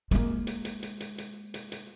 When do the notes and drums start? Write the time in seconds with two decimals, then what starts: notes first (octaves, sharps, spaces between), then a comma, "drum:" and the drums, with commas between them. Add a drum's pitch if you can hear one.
0.11 G#3 A#3, drum: hi-hat
0.47 drum: hi-hat
0.65 drum: hi-hat
0.83 drum: hi-hat
1.00 drum: hi-hat
1.18 drum: hi-hat
1.54 drum: hi-hat
1.72 drum: hi-hat